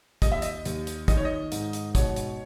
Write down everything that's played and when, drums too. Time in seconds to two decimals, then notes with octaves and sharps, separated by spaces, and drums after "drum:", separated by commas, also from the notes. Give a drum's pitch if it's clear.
0.22 D#2 D#5, drum: kick, hi-hat
0.32 E5
0.42 D#5, drum: hi-hat
0.65 D#2, drum: hi-hat
0.87 drum: hi-hat
1.08 D#3 D#5, drum: kick, hi-hat
1.17 C#5
1.25 D#5
1.52 G#2, drum: hi-hat
1.73 drum: hi-hat
1.95 B2 C#5, drum: kick, hi-hat
2.16 drum: hi-hat